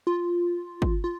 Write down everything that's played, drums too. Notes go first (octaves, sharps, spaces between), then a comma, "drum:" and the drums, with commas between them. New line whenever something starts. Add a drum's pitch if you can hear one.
F4
drum: kick
F4